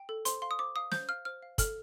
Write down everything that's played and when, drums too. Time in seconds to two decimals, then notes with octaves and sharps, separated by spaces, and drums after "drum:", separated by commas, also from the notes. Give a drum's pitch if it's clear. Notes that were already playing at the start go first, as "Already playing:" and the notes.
Already playing: G5
0.09 A4
0.25 C5 C6, drum: hi-hat
0.42 F5 C6
0.51 D#6
0.59 C5 D6
0.76 F5 D#6
0.92 C5 G6, drum: snare
1.09 F5 F6
1.25 C5 F6
1.42 F5
1.58 A4 F6, drum: kick, hi-hat